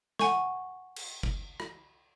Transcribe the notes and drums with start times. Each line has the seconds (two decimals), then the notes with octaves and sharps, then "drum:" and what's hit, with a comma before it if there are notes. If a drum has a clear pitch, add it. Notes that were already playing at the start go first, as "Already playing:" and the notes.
0.19 F#5 G#5 C#6, drum: snare
0.96 drum: cymbal
1.23 drum: kick
1.60 drum: rim click